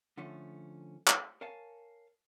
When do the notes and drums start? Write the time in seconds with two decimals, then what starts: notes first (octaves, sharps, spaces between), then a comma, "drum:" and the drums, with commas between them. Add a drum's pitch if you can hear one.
0.17 D3 F3 A3 C#4
1.08 drum: clap
1.41 A#4 C#5 F5 G#5 A5